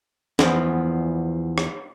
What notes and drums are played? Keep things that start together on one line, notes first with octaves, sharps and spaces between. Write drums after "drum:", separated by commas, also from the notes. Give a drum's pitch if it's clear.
E2 E3 F3 B3, drum: snare
drum: rim click